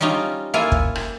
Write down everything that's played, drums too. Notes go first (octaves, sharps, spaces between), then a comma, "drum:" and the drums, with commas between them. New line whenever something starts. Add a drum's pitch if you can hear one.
G3 C#4 D#4 F4 G4
A#3 E4 F4 A4 G#5
drum: kick
drum: rim click